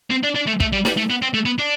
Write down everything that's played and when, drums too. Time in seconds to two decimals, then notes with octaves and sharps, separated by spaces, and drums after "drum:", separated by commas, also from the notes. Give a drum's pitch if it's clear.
0.11 C4
0.24 D4
0.36 D4
0.47 A3
0.60 A3, drum: kick
0.73 G3
0.85 G3, drum: snare
0.97 A3
1.10 B3
1.22 C4
1.34 A3
1.45 B3
1.58 D4